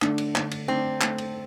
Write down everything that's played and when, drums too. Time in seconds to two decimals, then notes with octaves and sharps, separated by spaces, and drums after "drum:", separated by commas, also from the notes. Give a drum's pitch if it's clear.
0.02 D3 A3 D4, drum: clap
0.18 drum: cymbal
0.35 D3 A3 D4, drum: clap
0.51 drum: cymbal
0.68 D3 A3 C4 D4
1.01 D3 A3 D4, drum: clap
1.18 drum: cymbal